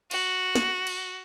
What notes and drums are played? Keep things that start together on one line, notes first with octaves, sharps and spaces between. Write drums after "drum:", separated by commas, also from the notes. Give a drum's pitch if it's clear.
F#4, drum: cymbal
drum: snare
drum: cymbal